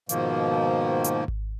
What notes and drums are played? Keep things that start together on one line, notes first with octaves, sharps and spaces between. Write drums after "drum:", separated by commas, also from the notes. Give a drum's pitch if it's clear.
G#2 B2 D#3 F3 A#3, drum: hi-hat
drum: hi-hat
drum: kick G#1